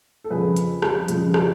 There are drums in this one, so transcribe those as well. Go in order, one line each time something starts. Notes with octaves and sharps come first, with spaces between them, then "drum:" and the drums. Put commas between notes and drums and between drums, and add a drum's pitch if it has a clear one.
A4
F2 C#3 G#4 B4
drum: hi-hat
drum: rim click
F2 C#3, drum: hi-hat
drum: rim click